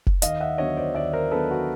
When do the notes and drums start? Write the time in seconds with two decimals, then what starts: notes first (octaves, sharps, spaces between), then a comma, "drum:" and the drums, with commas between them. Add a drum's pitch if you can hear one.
0.07 drum: kick F1
0.22 D#2 D#5 F5, drum: hi-hat
0.40 E5 F#5
0.58 D3 F#3 B3 C#5 D#5
0.77 C5 D5
0.95 D#2 D5 E5
1.13 A#4 C5
1.31 D3 F#3 B3 A4 B4
1.51 F#4